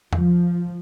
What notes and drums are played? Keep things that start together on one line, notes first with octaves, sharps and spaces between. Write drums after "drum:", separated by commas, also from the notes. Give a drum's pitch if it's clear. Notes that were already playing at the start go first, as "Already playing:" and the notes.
F3, drum: tom E2